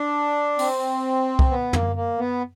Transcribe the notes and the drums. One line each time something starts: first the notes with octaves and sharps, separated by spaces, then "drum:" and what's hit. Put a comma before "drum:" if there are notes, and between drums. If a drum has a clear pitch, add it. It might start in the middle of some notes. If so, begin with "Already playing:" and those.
Already playing: D4
C4, drum: open hi-hat
drum: kick C2
B3
A#3, drum: tom
A#3
B3